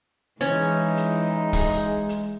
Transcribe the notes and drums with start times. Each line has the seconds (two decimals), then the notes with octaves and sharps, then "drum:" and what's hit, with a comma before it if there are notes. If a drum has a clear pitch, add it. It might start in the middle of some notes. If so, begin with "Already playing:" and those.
0.41 E3 G#3 C#4 D#4 C#5, drum: hi-hat
0.97 drum: hi-hat
1.53 drum: kick, open hi-hat
2.09 drum: hi-hat